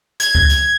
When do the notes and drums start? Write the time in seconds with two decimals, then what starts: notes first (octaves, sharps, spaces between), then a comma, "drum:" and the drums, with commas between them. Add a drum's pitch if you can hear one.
0.20 G#6, drum: hi-hat
0.35 drum: kick C#2
0.50 drum: hi-hat